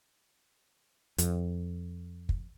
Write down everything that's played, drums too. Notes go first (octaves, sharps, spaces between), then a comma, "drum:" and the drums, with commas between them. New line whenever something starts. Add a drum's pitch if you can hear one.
F2, drum: hi-hat
drum: kick